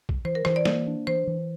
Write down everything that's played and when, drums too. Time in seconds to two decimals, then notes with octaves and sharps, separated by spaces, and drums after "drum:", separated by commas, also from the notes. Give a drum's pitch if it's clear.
0.09 drum: kick
0.25 E3 C5
0.35 A#4
0.45 E3 C5, drum: rim click
0.56 D5
0.65 A#3, drum: snare
0.87 D4
1.07 E3 C5
1.27 E3